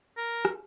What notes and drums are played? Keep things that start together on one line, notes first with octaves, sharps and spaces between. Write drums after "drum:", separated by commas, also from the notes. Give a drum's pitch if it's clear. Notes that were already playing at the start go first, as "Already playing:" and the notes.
A#4
drum: rim click